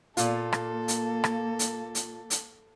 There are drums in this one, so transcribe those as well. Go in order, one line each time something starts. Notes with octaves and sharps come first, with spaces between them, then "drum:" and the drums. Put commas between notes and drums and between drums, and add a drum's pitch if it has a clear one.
A#2 A#3 F4 A4, drum: hi-hat
drum: rim click
drum: hi-hat
drum: rim click
drum: hi-hat
drum: hi-hat
drum: hi-hat